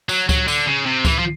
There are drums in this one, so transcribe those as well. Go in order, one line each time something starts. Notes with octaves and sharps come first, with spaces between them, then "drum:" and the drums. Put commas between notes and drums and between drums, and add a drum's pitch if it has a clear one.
F#3, drum: tambourine
F#3, drum: kick C#2, tambourine
D3, drum: tambourine
C#3
C3
E3, drum: kick C#2, tambourine
F3